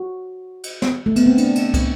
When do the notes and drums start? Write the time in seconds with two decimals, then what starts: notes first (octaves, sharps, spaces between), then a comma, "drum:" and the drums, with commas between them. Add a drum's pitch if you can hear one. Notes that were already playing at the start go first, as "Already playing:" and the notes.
Already playing: F#4
0.64 drum: cymbal
0.82 drum: snare
1.06 A3
1.16 B3, drum: cymbal
1.26 C4
1.38 D4, drum: cymbal
1.55 drum: cymbal
1.74 drum: kick, cymbal